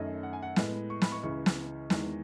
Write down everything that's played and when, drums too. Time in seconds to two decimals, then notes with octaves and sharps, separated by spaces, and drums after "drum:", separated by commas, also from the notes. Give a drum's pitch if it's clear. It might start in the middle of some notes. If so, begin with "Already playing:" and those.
Already playing: F#2 D#3 A3 C#4 D#5
0.23 F#5
0.33 G#5
0.43 F#5
0.56 A2 G#3 B3, drum: snare
0.90 C#6
1.02 B5, drum: snare
1.12 C#6
1.23 C#2 C#3 E3 C#6
1.46 drum: snare
1.90 E2 D#3 G#3, drum: snare